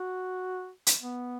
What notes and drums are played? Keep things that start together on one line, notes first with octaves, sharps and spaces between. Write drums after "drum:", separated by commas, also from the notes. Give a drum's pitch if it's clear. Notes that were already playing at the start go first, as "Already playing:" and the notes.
Already playing: F#4
drum: hi-hat
B3